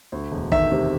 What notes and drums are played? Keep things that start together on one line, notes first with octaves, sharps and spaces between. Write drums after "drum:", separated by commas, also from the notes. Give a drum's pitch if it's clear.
D2
E1
D#3 E5, drum: kick A1
C3